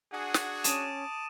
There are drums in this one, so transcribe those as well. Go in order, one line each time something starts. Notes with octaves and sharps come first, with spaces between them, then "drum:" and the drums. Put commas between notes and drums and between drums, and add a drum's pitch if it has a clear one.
D4 F#4 G#4 F#5
drum: snare
C#4 A5 D6 D#6 D#7 E7, drum: hi-hat